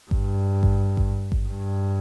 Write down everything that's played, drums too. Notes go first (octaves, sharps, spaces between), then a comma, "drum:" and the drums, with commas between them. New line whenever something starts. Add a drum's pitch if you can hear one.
G2, drum: kick G#1
drum: kick G#1
drum: kick G#1
drum: kick G#1
G2